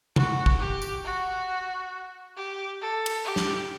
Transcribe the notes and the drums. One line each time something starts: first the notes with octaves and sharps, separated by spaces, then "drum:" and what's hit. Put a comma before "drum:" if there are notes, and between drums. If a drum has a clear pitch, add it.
F#4, drum: tom
drum: kick
G4
drum: tambourine
F#4
G4
A4
drum: cymbal
G4
drum: snare